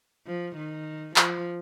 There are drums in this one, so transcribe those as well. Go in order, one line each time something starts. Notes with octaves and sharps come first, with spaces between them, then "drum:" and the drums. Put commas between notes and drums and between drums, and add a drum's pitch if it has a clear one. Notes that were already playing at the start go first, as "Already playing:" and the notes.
F3
D#3
F3, drum: clap